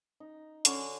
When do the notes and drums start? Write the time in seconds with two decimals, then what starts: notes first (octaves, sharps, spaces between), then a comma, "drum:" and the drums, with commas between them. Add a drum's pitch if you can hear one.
0.20 D#4
0.65 D3 C#4 F#4 D6, drum: hi-hat